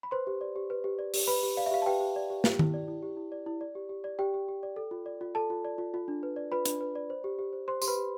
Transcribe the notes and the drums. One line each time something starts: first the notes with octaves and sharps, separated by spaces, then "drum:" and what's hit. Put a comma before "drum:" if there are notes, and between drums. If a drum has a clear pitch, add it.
B5
B4 C5 C6
G4
D5
G4
B4
G4
D5
G4, drum: open hi-hat
B4 B5
G4
D5 F5
E5
G4 F5
A5
G4 B4 G5
G4
D5
G4
G4, drum: snare
E4, drum: tom D#3
D5
E4
G4
E4
D5
E4
D5
G4
G4
D5
G4 D5 G5
G4
G4
D5
A4
F4
D5
F4
A4 A5
F4
D5
F4
F4
D4
B4
D5
F4 B4 B5
D4, drum: hi-hat
B4
D5
C5
G4
G4
C5
C5 C6
G4 C6, drum: tambourine
B4 B5
G4